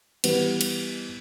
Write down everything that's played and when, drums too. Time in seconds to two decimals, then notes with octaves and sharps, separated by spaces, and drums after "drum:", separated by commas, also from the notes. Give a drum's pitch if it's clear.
0.24 E3 G3 B3, drum: cymbal
0.61 drum: cymbal